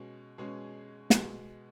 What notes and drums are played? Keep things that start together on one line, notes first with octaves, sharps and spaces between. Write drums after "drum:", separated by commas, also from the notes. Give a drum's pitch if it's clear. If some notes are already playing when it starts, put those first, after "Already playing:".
Already playing: B2 G#3 C#4
B2 G#3 C#4 G#4
B2 G#3 B3, drum: snare